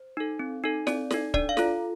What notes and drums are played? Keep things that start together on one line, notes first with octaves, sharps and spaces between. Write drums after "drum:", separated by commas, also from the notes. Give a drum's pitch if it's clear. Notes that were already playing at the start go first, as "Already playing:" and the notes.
Already playing: C5
D#4 A4
C4
D#4 A4
C4 D5, drum: snare
D#4 A4, drum: snare
D4 D5, drum: kick
F5
F4 A4, drum: snare